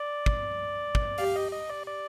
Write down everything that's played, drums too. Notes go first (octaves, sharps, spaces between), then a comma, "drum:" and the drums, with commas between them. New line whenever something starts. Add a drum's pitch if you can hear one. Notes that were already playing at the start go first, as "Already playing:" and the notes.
Already playing: D5
drum: kick
drum: kick
G4 F5, drum: open hi-hat
D#5
D#5
D5
D5